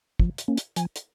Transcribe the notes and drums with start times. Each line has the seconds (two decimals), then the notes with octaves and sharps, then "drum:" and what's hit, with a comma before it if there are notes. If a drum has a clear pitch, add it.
0.20 F3, drum: kick
0.38 drum: hi-hat
0.48 A#3 C#4
0.57 drum: hi-hat
0.76 F3 G#5, drum: hi-hat
0.96 drum: hi-hat